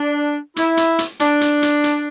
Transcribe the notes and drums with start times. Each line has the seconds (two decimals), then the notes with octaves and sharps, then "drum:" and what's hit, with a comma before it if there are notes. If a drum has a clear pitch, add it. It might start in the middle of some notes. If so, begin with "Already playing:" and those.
Already playing: D4
0.56 E4, drum: hi-hat
0.77 drum: hi-hat
0.98 drum: hi-hat
1.20 D4, drum: hi-hat
1.41 drum: hi-hat
1.62 drum: hi-hat
1.84 drum: hi-hat